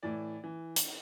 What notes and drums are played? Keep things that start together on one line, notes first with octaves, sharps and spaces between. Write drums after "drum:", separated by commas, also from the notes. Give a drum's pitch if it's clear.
A2 E3 D5
E3
drum: hi-hat